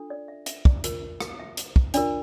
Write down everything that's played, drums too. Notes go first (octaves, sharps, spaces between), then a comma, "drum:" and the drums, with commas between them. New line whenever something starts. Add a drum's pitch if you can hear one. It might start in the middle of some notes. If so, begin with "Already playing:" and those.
Already playing: D4 F4 A4
D5
E5
E5, drum: hi-hat
D5, drum: kick
F4 A#4, drum: hi-hat
drum: rim click
E5
drum: hi-hat
drum: kick
D4 F4 A#4 D5, drum: hi-hat